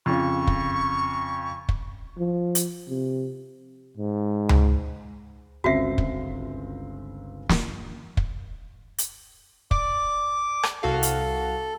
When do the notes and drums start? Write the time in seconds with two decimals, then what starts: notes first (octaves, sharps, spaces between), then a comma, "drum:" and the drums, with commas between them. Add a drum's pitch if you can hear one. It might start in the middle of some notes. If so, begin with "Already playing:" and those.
0.06 F2 C#3 C#6
0.47 drum: kick
1.69 drum: kick
2.18 F3
2.55 drum: hi-hat
2.89 C3
3.97 G#2
4.49 drum: tom C#2
5.64 G1 C#2 D3 C4 F#4 E5 C7
5.98 drum: kick
7.49 drum: snare
8.17 drum: kick
8.98 drum: hi-hat
9.71 D5 D6, drum: kick
10.63 drum: rim click
10.83 C2 F#4 A4 F5
11.03 drum: hi-hat